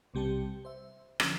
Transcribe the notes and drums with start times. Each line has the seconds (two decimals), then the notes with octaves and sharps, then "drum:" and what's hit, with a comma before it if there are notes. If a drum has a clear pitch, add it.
0.14 B1 C3 G3 G4 A5 C#7
0.65 C5 E5
1.20 D3 F3 C#4, drum: rim click